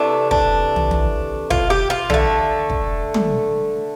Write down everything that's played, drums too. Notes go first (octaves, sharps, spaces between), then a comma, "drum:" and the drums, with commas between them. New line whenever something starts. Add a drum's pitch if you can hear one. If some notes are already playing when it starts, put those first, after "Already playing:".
Already playing: C3 E3 A3 D4
D4, drum: kick
drum: tom
drum: tom
F4, drum: kick
G4
F4
D3 A3, drum: tom
drum: kick
drum: tom